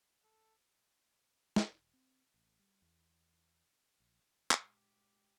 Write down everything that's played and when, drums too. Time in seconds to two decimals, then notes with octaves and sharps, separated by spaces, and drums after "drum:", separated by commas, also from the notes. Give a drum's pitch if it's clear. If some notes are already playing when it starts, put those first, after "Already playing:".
0.24 A4
1.56 drum: snare
1.68 E1
1.93 C4
2.34 A1
2.59 G3
2.82 E2
4.00 A#1
4.51 A#2 G#3 G4, drum: clap